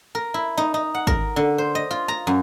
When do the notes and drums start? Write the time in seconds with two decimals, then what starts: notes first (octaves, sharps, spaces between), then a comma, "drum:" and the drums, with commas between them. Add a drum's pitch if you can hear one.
0.15 A#4
0.34 E4
0.57 D#4
0.74 D#4
0.94 F#5
1.07 A#4, drum: kick G#1
1.36 D3
1.58 C5
1.75 D#5
1.91 F4
2.08 A#5
2.27 F#2